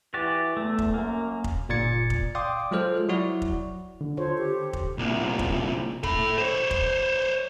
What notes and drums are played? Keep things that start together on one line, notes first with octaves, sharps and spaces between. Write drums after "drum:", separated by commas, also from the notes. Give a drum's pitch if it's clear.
E3 F#4 G4 D5
E2 A3
drum: kick F1
F#2 A#3
drum: kick F1
G1 A#2 D5 G#6 A6 C#7
drum: kick F1
D5 F5 G5 C6 D6 D#6
F#3 G#3 F4 A4 C5 F6
F#3 E4 F#4 D5
drum: kick F1
D3
F4 A4 C5 C#5
G4
drum: kick F1
C2 A#2
drum: kick F1
A4 B5, drum: kick F1
C5 C#5
drum: kick F1